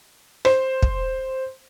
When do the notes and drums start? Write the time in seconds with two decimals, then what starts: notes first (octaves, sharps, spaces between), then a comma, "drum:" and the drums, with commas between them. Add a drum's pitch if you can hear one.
0.45 C5, drum: rim click
0.82 drum: kick